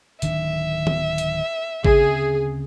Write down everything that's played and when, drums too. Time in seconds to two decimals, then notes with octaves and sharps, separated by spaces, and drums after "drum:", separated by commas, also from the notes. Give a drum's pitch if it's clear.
0.22 D1 D#3 D4 E5, drum: hi-hat
0.87 drum: tom D#3
1.18 drum: hi-hat
1.85 D2 C#3 C4 G#4, drum: kick G#1